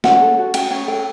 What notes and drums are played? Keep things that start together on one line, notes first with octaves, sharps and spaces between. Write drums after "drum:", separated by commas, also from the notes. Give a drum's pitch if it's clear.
C#4 F#5, drum: snare
A4
F#4
C#4 G5, drum: cymbal
C#4 C#5
A4 G5